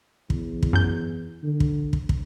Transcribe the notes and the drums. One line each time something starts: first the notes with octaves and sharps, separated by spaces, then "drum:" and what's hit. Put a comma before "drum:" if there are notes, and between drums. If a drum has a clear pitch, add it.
E2, drum: kick
drum: kick
F#2 G6
D3
drum: kick
drum: kick
drum: kick